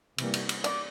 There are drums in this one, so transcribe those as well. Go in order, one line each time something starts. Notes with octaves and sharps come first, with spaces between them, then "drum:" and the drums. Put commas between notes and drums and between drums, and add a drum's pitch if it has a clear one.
C3 E3 G3 A#3, drum: cymbal
drum: cymbal
drum: cymbal
D5, drum: cymbal